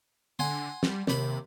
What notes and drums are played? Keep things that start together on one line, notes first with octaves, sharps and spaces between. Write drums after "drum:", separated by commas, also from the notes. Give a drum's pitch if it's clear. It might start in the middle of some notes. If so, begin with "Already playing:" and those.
D3 F#5 G#5 C6
G3, drum: snare
D#2 C3 B5, drum: snare
C3